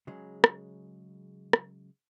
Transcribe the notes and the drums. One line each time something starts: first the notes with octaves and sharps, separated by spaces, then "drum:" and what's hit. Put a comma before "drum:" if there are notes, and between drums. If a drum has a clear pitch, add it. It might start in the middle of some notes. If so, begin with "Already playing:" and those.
C#3 F#3 G#3
drum: rim click
drum: rim click